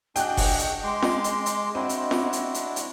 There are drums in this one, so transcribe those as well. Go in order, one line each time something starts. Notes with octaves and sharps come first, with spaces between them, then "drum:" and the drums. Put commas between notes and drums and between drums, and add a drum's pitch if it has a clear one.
D4 F#4 G#4 D#5 G5 F#6, drum: hi-hat
drum: kick F#1, open hi-hat
drum: hi-hat
G#3 C6 D6
drum: snare
drum: hi-hat
drum: hi-hat
C4 D4 E4 F#4
drum: hi-hat
drum: snare
drum: hi-hat
drum: hi-hat
drum: hi-hat